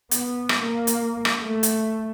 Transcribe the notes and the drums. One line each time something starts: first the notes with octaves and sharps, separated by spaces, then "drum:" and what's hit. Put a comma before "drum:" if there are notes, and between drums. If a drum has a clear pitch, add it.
B3, drum: hi-hat
drum: rim click
A#3
drum: hi-hat
drum: rim click
A3
drum: hi-hat